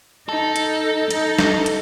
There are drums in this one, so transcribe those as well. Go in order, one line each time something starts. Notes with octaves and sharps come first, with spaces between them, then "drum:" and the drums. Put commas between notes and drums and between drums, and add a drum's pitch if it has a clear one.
D#4 A4
drum: hi-hat
D#4, drum: hi-hat
drum: snare
drum: hi-hat